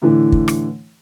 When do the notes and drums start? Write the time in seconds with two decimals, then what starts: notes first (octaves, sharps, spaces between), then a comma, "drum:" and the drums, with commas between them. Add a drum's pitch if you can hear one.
0.02 A2 D3 E3
0.32 drum: kick
0.48 drum: rim click